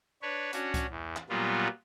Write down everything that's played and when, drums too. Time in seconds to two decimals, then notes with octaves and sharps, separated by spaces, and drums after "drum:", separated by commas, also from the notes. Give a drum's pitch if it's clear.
0.22 D4 B4 C#5
0.53 C#4 D4 F#4, drum: hi-hat
0.74 drum: kick C2, hi-hat
0.90 E2
1.16 drum: clap
1.30 A#2 F#3 G3 B3 F4